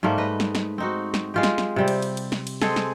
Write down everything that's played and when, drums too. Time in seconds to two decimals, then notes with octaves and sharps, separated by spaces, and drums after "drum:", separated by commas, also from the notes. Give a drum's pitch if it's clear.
0.03 G#2 G3 A3 A#3
0.18 B4 D#5
0.40 drum: snare
0.55 drum: snare
0.78 C4 D#4 F#4
1.14 drum: snare
1.34 G#3 F4 G4
1.43 drum: snare
1.58 drum: snare
1.76 C3 G3 C4
1.88 drum: cymbal
2.02 drum: cymbal
2.17 drum: cymbal
2.32 drum: snare
2.47 drum: cymbal
2.62 G#3 C4 G#4 A4, drum: snare
2.76 drum: snare